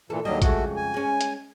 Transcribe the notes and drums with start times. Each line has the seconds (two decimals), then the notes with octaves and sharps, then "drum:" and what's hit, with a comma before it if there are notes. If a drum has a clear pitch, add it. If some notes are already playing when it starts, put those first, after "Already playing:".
0.10 A#2 E3 A4
0.25 D#2 F#3 G3 D4 D#5
0.42 F2 C#3 G#3 A3 F#4, drum: kick, hi-hat
0.76 G#5
0.94 G#3 C#4
1.21 drum: hi-hat